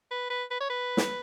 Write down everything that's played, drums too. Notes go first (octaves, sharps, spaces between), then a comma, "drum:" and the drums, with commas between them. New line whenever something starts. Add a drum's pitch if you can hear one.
B4
B4
B4
C#5
B4
drum: snare